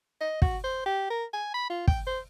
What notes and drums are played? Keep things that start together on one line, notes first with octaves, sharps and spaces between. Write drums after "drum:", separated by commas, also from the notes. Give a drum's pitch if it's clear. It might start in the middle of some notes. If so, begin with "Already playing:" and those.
D#5
F#4, drum: kick
C5
G4
A#4
G#5
B5
F4
G5, drum: kick
C5